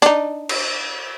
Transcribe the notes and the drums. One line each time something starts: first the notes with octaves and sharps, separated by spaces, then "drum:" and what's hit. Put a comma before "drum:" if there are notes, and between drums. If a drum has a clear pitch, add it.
D4 D#4, drum: hi-hat
drum: cymbal